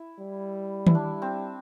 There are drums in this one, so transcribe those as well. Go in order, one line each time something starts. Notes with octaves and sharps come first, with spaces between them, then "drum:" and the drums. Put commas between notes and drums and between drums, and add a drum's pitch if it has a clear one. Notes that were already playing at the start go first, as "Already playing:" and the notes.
Already playing: E4
G3
E4, drum: tom D#3
D4
C4